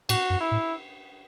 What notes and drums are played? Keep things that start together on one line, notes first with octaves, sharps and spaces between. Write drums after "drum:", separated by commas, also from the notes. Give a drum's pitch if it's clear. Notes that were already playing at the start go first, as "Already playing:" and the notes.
A2 F#4, drum: cymbal
F#2
E4
A2